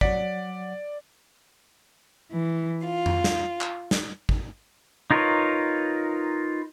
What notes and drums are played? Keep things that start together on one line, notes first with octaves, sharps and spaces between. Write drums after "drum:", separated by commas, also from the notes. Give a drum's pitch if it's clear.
F#3 D5 F#5 B6, drum: kick
E3
F4
drum: tom F2
drum: snare
drum: clap
drum: snare
drum: kick
D#4 F4 A#4 B4 C#5